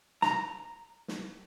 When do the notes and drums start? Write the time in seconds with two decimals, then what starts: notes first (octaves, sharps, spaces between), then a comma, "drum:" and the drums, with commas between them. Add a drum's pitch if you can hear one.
0.22 A#5, drum: snare
1.08 drum: snare